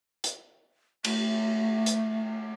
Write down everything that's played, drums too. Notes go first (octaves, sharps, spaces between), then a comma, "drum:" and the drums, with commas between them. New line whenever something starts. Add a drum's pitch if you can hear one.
drum: hi-hat
A3, drum: cymbal
drum: hi-hat